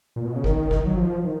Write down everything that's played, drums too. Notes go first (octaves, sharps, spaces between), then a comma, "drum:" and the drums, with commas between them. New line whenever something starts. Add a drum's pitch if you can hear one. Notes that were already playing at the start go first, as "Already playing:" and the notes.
A#2
B2
C#3
D#3, drum: kick
drum: kick
F#3
F3
D#3